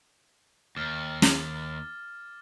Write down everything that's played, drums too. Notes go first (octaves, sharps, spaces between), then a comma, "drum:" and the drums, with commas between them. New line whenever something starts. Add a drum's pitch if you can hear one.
D#2 D6 F6 A6
drum: snare